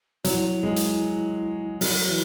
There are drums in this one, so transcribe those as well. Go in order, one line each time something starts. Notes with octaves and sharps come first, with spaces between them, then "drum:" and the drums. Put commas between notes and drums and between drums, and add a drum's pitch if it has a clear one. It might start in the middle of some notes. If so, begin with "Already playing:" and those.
F#3 E4, drum: hi-hat
G#3
drum: hi-hat
F#3 F#4, drum: open hi-hat
E3